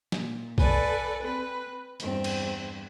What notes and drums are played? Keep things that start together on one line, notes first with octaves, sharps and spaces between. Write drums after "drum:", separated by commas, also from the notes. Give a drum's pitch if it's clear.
A#2, drum: snare
A4 B4 D5 G#5, drum: kick B1
C4 B4
E2 G2 C4, drum: hi-hat
drum: cymbal